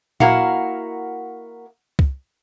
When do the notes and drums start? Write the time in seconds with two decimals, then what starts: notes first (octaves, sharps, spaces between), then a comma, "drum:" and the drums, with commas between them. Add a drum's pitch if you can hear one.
0.20 A#3 E4 F#4 A#4 F5 F#5, drum: tom A#2
1.99 drum: kick C2